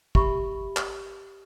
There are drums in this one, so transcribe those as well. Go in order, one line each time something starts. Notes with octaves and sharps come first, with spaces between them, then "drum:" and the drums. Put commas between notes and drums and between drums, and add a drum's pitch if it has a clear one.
G4 E5 B5 C#6, drum: kick
drum: clap